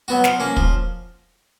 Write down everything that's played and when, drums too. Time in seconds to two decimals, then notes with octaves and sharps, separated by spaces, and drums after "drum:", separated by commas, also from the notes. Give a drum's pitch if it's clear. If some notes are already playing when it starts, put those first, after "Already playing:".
0.08 F#3 B3 F#4
0.24 F3, drum: snare
0.40 A#3 C#4
0.57 F3, drum: kick